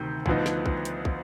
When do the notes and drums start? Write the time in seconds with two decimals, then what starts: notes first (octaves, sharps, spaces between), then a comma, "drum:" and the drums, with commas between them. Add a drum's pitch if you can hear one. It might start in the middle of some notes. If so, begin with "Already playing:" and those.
Already playing: D2 C3 D#3 G6
0.26 D2 D3 F3 B3 D#4, drum: kick
0.46 drum: snare
0.66 drum: kick
0.85 drum: hi-hat
1.05 drum: kick